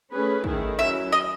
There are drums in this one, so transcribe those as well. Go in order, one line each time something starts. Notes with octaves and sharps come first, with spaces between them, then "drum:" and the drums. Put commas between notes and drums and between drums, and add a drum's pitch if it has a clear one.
A3 C#4 G#4 B4
D#3 A3 E4 G#4, drum: kick
F#3 C#4 E4 E5
D#5